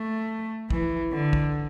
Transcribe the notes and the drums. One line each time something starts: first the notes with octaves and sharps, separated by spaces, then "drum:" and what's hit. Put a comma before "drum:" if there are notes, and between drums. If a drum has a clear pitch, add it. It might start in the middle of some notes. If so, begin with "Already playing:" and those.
Already playing: A3
E3, drum: kick
D3
drum: kick